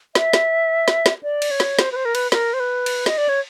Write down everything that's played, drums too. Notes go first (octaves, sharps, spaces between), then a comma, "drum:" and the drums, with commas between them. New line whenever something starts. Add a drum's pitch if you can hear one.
E5, drum: snare
drum: snare
drum: snare
drum: snare
D5
drum: cymbal
C#5
drum: snare
C5, drum: snare
B4
C5
A#4
B4, drum: cymbal
A#4, drum: snare
C5
B4
drum: cymbal
D#5, drum: snare
D5
C#5